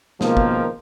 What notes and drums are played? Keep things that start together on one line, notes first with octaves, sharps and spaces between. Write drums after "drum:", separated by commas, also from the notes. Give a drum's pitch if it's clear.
C#2 B2 D#3 F3 A#3, drum: snare
drum: kick G1